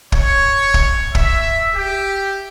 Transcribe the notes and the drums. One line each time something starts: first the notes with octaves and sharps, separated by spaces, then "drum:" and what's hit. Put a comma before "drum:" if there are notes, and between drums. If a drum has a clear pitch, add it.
C#5, drum: kick
drum: kick
E5, drum: kick
G4